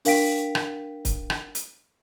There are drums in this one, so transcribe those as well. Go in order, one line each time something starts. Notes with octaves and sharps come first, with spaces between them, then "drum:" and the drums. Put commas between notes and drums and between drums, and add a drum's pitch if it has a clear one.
D4 A#4 F5 G5 B6 D7, drum: open hi-hat
drum: rim click
drum: kick C#1, hi-hat
drum: rim click
drum: hi-hat